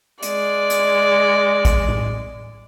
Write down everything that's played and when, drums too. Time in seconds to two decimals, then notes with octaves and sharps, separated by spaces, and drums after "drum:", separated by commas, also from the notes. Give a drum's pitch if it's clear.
0.23 G#3 D5, drum: hi-hat
0.70 drum: hi-hat
1.65 drum: kick, hi-hat
1.89 drum: tom A2